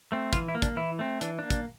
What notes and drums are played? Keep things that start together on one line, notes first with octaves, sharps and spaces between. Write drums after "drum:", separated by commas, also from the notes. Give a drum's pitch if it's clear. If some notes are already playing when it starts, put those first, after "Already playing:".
A3 C4
E3 F4, drum: kick, hi-hat
E4
A#3
D4, drum: kick, hi-hat
E3 E4
A3 C4
E3 D4, drum: hi-hat
A#3 D4
drum: kick, hi-hat